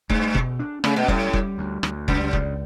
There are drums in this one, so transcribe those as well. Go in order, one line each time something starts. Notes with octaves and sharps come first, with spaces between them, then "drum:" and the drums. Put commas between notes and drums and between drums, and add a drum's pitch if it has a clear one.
G2 A3, drum: kick F1
B2, drum: kick F1
D4
C#3 A3, drum: rim click
B2
A2 G3, drum: kick F1
G3, drum: kick F1
D2
D2, drum: rim click
C#2 F#2, drum: kick F1
C#3, drum: kick F1